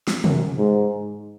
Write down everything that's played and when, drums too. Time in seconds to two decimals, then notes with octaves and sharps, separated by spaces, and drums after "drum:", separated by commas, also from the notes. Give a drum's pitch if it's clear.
0.08 drum: snare
0.24 F#2, drum: tom
0.58 G#2